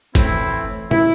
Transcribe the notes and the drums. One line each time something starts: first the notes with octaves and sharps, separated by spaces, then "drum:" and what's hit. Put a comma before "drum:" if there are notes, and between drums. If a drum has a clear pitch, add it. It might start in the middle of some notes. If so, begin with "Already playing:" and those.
A2 E3 A3 C4 E4, drum: kick, hi-hat
E4, drum: tom A#2